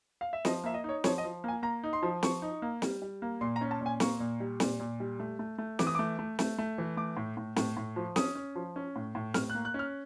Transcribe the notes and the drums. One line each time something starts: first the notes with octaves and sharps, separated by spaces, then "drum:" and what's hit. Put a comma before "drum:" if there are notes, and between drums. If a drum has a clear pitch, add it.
F5
E5
F3 D#5, drum: snare
A#3 E5
D#5
D#4 C#5
F3 C#5, drum: snare
D#5
F3
A#3 G#5
A#3 A#5
D#4
C6
F3
F3 C#6, drum: snare
D#4
A#3
G3, drum: snare
G3
A#3
A#2 C6
A#5
C#4
A5
A#2 G#5
A#3 C#6, drum: snare
A#2
G3
A#2, drum: snare
A#2
G3
A3
A3
A3
E3 D6, drum: snare
D#6
A3 D6
A3
A3, drum: snare
A3
E3
A3 D6
A2
A2
A2, drum: snare
A2
F3
C#4 D#6, drum: snare
C#4
F3
C#4
A2
A2
A2 F6, drum: snare
F#6
A#3
F#6
C#4 F6